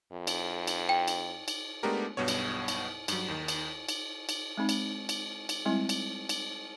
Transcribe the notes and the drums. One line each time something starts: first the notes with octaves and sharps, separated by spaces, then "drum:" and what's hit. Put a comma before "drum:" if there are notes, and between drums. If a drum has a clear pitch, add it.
F2
drum: cymbal
drum: cymbal
G5
drum: cymbal
drum: cymbal
G#3 A3 B3 D4 G4 A#4
B1 G2 B2 B3 C#5
drum: cymbal
drum: cymbal
G2 F#3, drum: cymbal
D#2 D#3
drum: cymbal
drum: cymbal
drum: cymbal
G#3 C4 D#4
drum: cymbal
drum: cymbal
drum: cymbal
G3 G#3 C4 E4
drum: cymbal
drum: cymbal